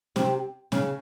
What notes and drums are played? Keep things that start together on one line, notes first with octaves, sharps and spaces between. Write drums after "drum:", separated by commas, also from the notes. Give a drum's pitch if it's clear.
C3 C4, drum: snare C#4
C#3 C#4, drum: snare C#4